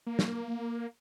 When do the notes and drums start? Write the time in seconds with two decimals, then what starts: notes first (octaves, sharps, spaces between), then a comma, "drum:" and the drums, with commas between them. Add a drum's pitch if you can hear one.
0.07 A#3
0.19 drum: snare